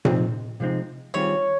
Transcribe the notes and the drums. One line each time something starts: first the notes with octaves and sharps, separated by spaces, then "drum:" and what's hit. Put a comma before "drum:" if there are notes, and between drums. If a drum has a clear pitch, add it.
C3 F3 G#3 C4 D#4, drum: tom A#2
C3 F3 G#3 C4 D#4
D#3 G3 C4 F4 G#4 C#5